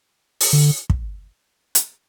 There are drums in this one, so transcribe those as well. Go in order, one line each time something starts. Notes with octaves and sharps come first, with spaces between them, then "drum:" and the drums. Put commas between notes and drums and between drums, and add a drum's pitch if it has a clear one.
drum: open hi-hat
D3
drum: kick
drum: hi-hat